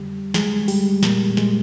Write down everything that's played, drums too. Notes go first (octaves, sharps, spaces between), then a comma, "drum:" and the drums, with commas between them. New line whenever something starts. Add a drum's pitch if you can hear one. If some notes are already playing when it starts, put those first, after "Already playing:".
Already playing: F2 D3 G3 G4
G#3 G#4, drum: snare
G3 G4, drum: open hi-hat
A#2 A#3, drum: snare
G#3, drum: snare